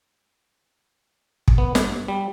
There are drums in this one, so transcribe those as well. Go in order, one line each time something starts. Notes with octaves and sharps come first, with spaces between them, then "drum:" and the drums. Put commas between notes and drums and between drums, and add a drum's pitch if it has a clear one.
drum: kick
B3
G2, drum: snare
G3